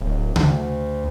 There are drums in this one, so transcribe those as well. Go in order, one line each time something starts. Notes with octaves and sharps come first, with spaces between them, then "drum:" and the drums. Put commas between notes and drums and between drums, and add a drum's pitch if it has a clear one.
D1
D2, drum: tom C#3